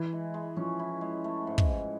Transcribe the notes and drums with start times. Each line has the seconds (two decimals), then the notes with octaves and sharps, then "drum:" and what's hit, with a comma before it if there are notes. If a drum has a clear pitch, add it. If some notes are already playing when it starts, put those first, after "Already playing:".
Already playing: E3 E4
0.12 G#3
0.34 G#3
0.57 F3 C#4
0.79 E4
1.01 G#3
1.24 A3
1.47 G#2
1.58 drum: kick
1.69 G#2